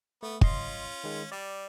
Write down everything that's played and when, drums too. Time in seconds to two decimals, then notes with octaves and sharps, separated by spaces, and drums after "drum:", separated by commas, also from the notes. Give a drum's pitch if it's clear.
0.23 A3 B3
0.41 C#4 F4 D#5 C6, drum: kick
1.04 D#3 G#3
1.32 G3 D5